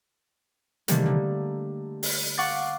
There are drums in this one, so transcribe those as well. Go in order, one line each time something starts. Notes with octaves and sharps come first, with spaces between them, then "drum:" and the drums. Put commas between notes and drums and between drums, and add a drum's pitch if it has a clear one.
C3 D#3 E3 G3 A3 A#3, drum: hi-hat
D3
drum: open hi-hat
F5 F#5 C#6 D6 A6